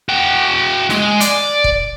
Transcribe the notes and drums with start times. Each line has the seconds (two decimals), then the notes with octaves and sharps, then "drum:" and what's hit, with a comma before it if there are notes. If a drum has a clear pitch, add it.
0.09 F#4 G5
0.90 G#3, drum: snare
1.20 D5, drum: hi-hat
1.64 drum: kick